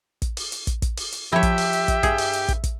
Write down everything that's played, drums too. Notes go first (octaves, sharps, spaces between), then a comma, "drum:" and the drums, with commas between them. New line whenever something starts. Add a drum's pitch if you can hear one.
drum: kick, hi-hat
drum: open hi-hat
drum: hi-hat
drum: kick, hi-hat
drum: kick, hi-hat
drum: open hi-hat
drum: hi-hat
F3 E4 G4 C#5 E5
drum: kick, hi-hat
drum: open hi-hat
drum: hi-hat
drum: kick, hi-hat
G2 G#4, drum: kick, hi-hat
drum: open hi-hat
drum: hi-hat
drum: kick, hi-hat
drum: kick, hi-hat